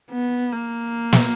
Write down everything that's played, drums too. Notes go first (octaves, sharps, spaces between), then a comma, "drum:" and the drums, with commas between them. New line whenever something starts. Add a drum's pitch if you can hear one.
B3
A#3
drum: snare